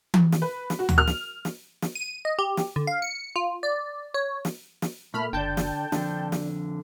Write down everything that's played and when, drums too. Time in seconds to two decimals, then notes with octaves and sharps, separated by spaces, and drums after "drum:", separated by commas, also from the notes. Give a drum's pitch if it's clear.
0.14 drum: tom E3
0.32 drum: snare
0.42 B4
0.70 drum: snare
0.79 F#4
0.89 drum: tom D2
0.98 F6
1.07 drum: snare
1.45 drum: snare
1.82 drum: snare
1.95 D#7
2.25 D#5
2.39 G4
2.57 drum: snare
2.76 D3
2.87 F5
3.02 C#7
3.36 F4
3.63 D5
4.14 C#5
4.45 drum: snare
4.82 drum: snare
5.14 A#2 A3 B5 F6
5.33 F#1 D3 D5 G5 A5 G6
5.57 drum: snare
5.92 F2 D3 D4, drum: snare
6.32 drum: snare